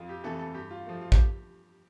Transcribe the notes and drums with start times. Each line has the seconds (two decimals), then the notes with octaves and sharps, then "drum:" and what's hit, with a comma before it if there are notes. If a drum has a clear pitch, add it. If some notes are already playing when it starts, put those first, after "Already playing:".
Already playing: F2 F4
0.09 G4
0.24 C3 E3 A3 A4
0.39 A4
0.54 G2 G4
0.71 F4
0.86 F3 A3
1.01 F4
1.12 G4, drum: kick